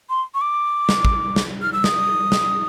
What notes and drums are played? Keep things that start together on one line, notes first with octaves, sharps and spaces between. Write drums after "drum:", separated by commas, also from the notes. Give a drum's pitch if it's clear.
C6
C#6
D6
drum: snare
drum: kick
drum: snare
F6
E6
D#6, drum: snare
drum: snare